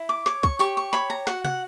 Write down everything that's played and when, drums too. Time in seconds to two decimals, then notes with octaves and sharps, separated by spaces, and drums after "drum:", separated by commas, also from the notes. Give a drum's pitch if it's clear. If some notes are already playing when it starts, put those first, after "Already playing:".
Already playing: E4
0.09 D6
0.26 C#5 D6, drum: snare
0.43 C#6, drum: kick
0.59 G4 C#6, drum: tambourine
0.77 C#6
0.93 C#5 B5, drum: snare
1.10 A#5
1.27 F#4 F#5, drum: snare
1.44 F#5, drum: tom C3